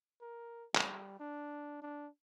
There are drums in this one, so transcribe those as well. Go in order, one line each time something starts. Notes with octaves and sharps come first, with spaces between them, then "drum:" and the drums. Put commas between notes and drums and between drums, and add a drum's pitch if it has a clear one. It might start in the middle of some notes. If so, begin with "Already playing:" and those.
A#4
G3, drum: clap
D4
D4